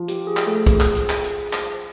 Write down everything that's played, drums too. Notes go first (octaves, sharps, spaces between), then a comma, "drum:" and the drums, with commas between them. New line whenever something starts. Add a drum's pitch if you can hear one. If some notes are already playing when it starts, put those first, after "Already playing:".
Already playing: F3
G4, drum: hi-hat
G#4
drum: clap
A3 A4
G#4, drum: kick, hi-hat
drum: clap
drum: hi-hat
drum: clap
drum: hi-hat
drum: clap